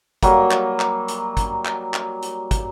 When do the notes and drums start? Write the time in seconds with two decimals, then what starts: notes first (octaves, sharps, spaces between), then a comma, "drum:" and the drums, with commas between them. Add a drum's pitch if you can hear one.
0.23 F#3 G3 A#3, drum: kick, hi-hat
0.51 drum: clap
0.80 drum: clap
1.08 drum: hi-hat
1.37 drum: kick, hi-hat
1.65 drum: clap
1.94 drum: clap
2.22 drum: hi-hat
2.51 drum: kick, hi-hat